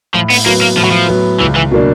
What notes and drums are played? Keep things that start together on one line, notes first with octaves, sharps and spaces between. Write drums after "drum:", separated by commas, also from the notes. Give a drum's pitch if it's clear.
A2 F3
B3, drum: open hi-hat
F#3 A#3 B3
A#3
A2 F3
F#3
F3
F#3 B3
C#2 E3
E3
B2 F#3 A#3 D4